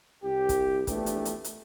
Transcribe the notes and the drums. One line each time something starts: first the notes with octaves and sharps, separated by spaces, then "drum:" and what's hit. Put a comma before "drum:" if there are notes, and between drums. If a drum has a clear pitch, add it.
C2 G4
drum: kick, hi-hat
A#1 E2 A3 D4 G4 B4, drum: kick, hi-hat
drum: hi-hat
drum: hi-hat
drum: hi-hat